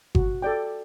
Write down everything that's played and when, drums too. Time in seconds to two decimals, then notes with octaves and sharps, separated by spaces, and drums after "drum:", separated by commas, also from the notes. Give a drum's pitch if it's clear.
0.15 F#4, drum: kick G1
0.42 A4 D5 G5